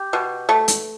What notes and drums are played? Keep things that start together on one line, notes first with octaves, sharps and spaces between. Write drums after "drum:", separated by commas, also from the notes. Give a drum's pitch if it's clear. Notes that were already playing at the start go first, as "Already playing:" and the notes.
Already playing: G4
B2
A3
drum: hi-hat